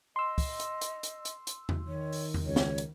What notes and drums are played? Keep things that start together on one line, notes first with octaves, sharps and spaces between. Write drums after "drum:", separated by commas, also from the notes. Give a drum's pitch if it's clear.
D#5 C6 E6
drum: kick, open hi-hat
drum: hi-hat
drum: hi-hat
drum: hi-hat
drum: hi-hat
drum: hi-hat
drum: tom E2
D#3 C#5
drum: open hi-hat
drum: tom E2
C#2 C#5
drum: snare
drum: hi-hat